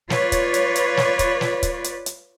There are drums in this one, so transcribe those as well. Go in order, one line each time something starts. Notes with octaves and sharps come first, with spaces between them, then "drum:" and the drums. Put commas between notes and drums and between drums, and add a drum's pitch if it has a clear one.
F4 B4 C#5 D5, drum: snare
drum: kick, hi-hat
drum: hi-hat
drum: hi-hat
drum: snare
drum: kick, hi-hat
drum: snare
drum: kick, hi-hat
drum: hi-hat
drum: hi-hat